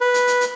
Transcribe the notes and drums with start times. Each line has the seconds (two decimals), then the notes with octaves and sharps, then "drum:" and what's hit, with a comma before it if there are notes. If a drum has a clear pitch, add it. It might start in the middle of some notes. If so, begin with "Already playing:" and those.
0.01 B4
0.14 drum: hi-hat
0.27 drum: hi-hat
0.41 drum: hi-hat